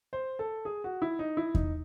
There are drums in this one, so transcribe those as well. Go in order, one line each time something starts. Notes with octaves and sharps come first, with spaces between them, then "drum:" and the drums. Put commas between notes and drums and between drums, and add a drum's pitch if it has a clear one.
C5
A4
G#4
F#4
E4
D#4
E4
D#4, drum: kick E2